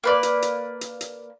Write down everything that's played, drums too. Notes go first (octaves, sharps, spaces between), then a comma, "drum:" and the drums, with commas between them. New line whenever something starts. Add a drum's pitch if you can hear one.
A#3 B4 D5
drum: hi-hat
drum: hi-hat
drum: hi-hat
drum: hi-hat